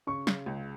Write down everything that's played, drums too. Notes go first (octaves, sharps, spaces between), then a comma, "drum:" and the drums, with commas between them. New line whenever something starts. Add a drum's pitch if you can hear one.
C#3 C#6
C#3, drum: snare
C#2